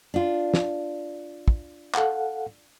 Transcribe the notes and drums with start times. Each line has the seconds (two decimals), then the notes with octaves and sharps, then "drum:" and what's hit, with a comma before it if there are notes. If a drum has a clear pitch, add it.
0.14 D4 F4
0.54 drum: snare
1.48 drum: kick
1.95 A4 F5 F#5, drum: clap